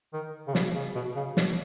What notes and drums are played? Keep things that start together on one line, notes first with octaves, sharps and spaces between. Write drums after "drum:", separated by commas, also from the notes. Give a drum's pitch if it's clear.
D#3
C#3
B2, drum: snare
C#3
B2
C#3
B2, drum: snare